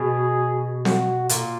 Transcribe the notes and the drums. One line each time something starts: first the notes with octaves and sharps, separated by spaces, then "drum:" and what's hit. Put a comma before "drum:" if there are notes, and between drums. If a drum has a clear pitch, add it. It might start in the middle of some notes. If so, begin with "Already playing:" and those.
Already playing: B2 G#4
F#4, drum: snare C4
A#2 F4, drum: hi-hat